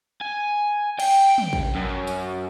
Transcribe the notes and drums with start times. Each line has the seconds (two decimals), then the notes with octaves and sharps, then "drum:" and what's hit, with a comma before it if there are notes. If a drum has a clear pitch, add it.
0.21 G#5
1.00 G5, drum: cymbal
1.38 drum: tom
1.53 drum: kick A1
1.75 F#2
2.07 drum: tambourine